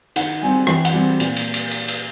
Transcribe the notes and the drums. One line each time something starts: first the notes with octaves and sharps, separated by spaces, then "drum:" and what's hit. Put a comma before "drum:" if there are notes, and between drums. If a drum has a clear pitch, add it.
D#3 F#5, drum: cymbal
G3 C4 G#5
E3 G5, drum: rim click
F#5, drum: cymbal
G3 C4
A#2, drum: cymbal
drum: cymbal
drum: cymbal
drum: cymbal
drum: cymbal